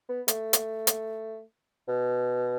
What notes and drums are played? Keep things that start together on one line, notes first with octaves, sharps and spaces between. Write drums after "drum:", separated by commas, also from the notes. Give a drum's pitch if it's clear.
B3
A3, drum: hi-hat
drum: hi-hat
drum: hi-hat
B2